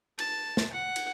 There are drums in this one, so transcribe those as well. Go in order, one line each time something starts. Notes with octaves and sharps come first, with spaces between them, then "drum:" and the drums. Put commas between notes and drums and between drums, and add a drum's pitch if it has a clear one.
A5, drum: cymbal
drum: snare
F#5
drum: cymbal